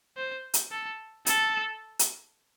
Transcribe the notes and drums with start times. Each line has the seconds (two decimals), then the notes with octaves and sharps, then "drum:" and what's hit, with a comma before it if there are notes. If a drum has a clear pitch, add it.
0.17 C5
0.54 drum: hi-hat
0.71 A4
1.26 A4, drum: hi-hat
1.99 drum: hi-hat